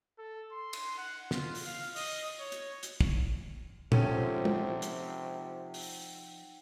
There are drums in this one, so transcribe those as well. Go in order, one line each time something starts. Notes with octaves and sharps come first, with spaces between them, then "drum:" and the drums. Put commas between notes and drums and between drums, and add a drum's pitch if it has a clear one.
A4
C6
drum: cymbal
F#5
F4, drum: snare
drum: open hi-hat
F5
D#5, drum: open hi-hat
C#5
drum: hi-hat
drum: hi-hat
drum: kick
C3 F3 G#3 A3 C#4 D#4 F#5 G5, drum: tom
drum: tom
drum: hi-hat
drum: open hi-hat